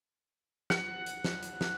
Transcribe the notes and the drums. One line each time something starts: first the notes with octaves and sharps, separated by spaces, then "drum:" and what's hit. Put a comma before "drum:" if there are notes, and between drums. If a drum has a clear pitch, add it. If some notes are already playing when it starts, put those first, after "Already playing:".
F#5, drum: snare
drum: hi-hat
drum: snare
drum: hi-hat
drum: snare